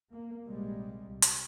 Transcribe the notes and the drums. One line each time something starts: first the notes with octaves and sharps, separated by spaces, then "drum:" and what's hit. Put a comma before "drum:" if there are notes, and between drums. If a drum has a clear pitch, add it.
A#3
A#1 C3 G3 G#3 A#3
C2
drum: hi-hat